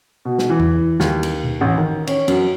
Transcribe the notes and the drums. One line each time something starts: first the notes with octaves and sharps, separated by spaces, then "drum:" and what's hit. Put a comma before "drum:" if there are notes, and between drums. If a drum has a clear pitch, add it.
B2
drum: snare
E3
drum: tom E2
D#2, drum: snare
drum: cymbal
drum: tom B2
A1
D#3
C#4, drum: cymbal
F#2, drum: cymbal